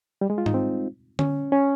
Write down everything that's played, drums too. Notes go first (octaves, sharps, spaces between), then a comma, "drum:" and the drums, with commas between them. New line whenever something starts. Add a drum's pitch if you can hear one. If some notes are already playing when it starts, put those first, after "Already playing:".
G3
G#3
F4
D#4, drum: tom G#2
C4
C#4, drum: tom D3
C#4